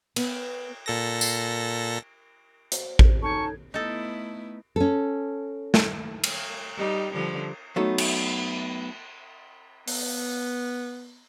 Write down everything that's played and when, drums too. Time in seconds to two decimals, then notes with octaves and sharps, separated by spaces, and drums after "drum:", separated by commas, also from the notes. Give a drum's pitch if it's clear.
0.16 B3, drum: cymbal
0.86 A#2 A4 A#6
1.21 drum: tambourine
2.72 F#4 C5, drum: hi-hat
2.99 drum: kick A1
3.23 C#4 D#4 A4 A5 C#6 G#6
3.74 A3 B3 D#4 E4 A4
4.76 C#4 A4
5.74 drum: snare
6.24 drum: cymbal
6.77 G3 D#4
7.13 D3 F3 G3
7.76 F#3 A3 B3 D#4
7.98 drum: cymbal
9.88 B3, drum: open hi-hat